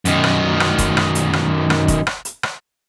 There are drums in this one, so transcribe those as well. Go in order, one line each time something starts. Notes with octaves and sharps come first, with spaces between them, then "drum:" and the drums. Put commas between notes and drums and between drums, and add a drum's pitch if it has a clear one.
F#2 D#3, drum: hi-hat
drum: rim click
drum: rim click
drum: kick F1, hi-hat
drum: rim click
drum: hi-hat
drum: rim click
drum: rim click
drum: kick F1, hi-hat
drum: rim click
drum: hi-hat
drum: rim click